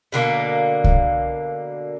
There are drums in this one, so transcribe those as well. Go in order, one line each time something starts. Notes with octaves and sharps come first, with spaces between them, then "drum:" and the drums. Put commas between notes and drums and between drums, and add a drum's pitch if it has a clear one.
B2 D3 A#3
drum: kick C2